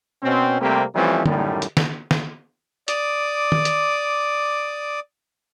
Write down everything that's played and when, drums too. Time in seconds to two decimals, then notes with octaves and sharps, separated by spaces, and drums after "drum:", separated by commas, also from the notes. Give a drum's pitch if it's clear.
0.23 B2 C4 C#4
0.60 C3 G3 A3 A#3 C4 G4
0.95 E3 F3 G3 A3 C4 C#4
1.26 F#2 A2 D#3 G3, drum: tom D3
1.62 drum: hi-hat
1.77 drum: snare
2.11 drum: snare
2.88 D5 D6 D#6, drum: hi-hat
3.52 drum: tom D#3
3.65 drum: hi-hat